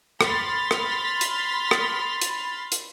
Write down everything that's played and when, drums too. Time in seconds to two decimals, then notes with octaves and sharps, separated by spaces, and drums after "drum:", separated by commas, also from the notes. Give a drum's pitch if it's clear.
0.21 B5 C6 F6 A6 B6, drum: rim click
0.71 drum: rim click
1.21 drum: hi-hat
1.71 drum: rim click
2.22 drum: hi-hat
2.72 drum: hi-hat